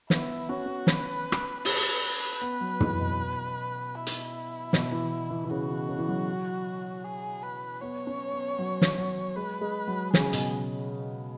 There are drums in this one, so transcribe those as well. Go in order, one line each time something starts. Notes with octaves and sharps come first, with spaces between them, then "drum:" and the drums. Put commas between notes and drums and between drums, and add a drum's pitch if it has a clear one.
B3 E4, drum: snare
C#4 F#4
C#4
B4, drum: snare
drum: rim click
B4, drum: open hi-hat
B3
F#3
E3, drum: tom
B2
E4
drum: hi-hat
B2, drum: snare
E3
E3
E3
C#3 F#4
E3
C#3
E3
F#3
G#4
B4
B3 C#5
C#4
B3
F#3
drum: snare
F#3
G#3 B4
G#3
F#3
C#3 G#4, drum: snare
B2, drum: hi-hat